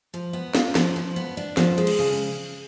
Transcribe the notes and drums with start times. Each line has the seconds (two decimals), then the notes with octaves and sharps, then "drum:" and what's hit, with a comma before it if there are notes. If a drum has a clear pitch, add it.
0.14 F3
0.33 B3
0.55 F4, drum: snare
0.75 F3, drum: snare
0.96 F3
1.16 B3
1.37 D4
1.57 F3, drum: snare
1.78 G#3
1.87 drum: cymbal
1.99 C#3